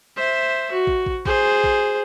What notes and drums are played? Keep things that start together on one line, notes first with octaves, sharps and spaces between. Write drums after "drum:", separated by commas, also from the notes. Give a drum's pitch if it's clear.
C5 E5
F#4
drum: kick
drum: kick
G#4 C5, drum: kick
drum: kick